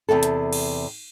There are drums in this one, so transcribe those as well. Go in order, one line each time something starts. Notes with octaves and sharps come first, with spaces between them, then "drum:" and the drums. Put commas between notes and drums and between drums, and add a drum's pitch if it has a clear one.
E2 A2 C3 A4
drum: hi-hat
drum: cymbal